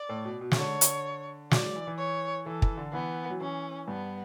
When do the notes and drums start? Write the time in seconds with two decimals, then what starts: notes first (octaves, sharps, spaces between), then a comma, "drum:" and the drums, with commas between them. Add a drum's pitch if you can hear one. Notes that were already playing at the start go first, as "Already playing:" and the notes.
Already playing: D5
0.09 A2
0.25 B2
0.41 B2
0.52 C#3, drum: snare
0.57 D3 C#5
0.81 drum: hi-hat
1.51 F#3 D5, drum: snare
1.63 F#3
1.76 E3
1.87 E3
1.98 C#5
2.46 E3 A4
2.62 E3, drum: kick
2.77 D3
2.93 E3 B3
3.30 F#3
3.41 E3 C#4
3.88 G2 B3